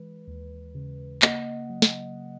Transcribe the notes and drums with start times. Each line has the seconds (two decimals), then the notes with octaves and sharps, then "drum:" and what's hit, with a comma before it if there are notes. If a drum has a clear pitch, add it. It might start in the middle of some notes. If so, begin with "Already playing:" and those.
Already playing: E3 G#3 B4
0.27 D#2
0.75 C#3
1.22 A#3 D#5 F#5, drum: clap
1.70 F#3
1.82 drum: snare